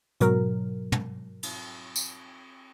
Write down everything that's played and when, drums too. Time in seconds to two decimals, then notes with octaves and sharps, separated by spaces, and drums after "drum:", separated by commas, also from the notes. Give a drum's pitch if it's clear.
0.20 G#2 B2 F#3 A#4, drum: hi-hat
0.92 drum: tom
1.43 drum: cymbal
1.96 drum: tambourine